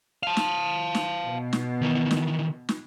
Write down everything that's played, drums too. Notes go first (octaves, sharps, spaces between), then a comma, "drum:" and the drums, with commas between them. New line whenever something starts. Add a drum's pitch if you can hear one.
F5 A5
drum: snare
drum: snare
B2
drum: snare
D#3 E3
drum: snare
drum: snare